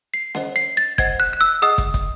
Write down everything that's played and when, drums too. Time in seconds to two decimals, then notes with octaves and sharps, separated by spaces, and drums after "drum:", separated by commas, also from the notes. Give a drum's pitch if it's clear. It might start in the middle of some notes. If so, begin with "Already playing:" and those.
0.14 C7
0.35 C5 D#5 F#5, drum: snare C#4
0.56 C7
0.77 A6
0.98 C5 D#5 F#5 G#6, drum: kick, hi-hat
1.20 F#6
1.33 F#6
1.41 E6
1.62 G#4 D#5 F#5 D#6
1.78 drum: kick, hi-hat
1.94 drum: kick, hi-hat